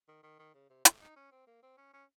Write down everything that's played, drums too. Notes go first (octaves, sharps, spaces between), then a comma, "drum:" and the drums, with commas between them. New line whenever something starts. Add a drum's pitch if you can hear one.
D#3
D#3
D#3
C#3
C3
A3, drum: hi-hat
D#4
C#4
C4
A#3
C4
C#4
C#4